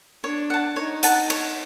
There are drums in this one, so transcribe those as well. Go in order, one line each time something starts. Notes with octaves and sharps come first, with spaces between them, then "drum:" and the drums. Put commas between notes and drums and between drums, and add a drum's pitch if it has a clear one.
D4 C#5
F#5 A5
D#4 C#5
F#5 A5, drum: hi-hat
C#5, drum: cymbal